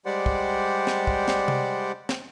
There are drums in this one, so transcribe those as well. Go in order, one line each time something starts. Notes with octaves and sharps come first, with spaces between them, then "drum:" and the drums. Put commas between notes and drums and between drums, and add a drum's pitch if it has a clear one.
G3 G#3 G4 C5 D5 F#5
drum: kick
drum: snare
drum: kick
drum: snare
drum: tom C3
drum: snare